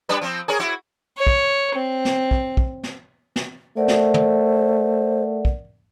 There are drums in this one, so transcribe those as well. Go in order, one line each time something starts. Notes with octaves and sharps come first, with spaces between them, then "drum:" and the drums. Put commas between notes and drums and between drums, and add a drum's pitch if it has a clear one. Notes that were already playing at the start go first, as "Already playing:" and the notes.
G3 D4 B4
F3 C4
G#4 A#4 C#5
E4 F#4
C#5
drum: kick
C4
drum: snare
drum: kick
drum: kick
drum: snare
drum: snare
A3 A#4 C5 D5 F#5
drum: snare
drum: tom
drum: kick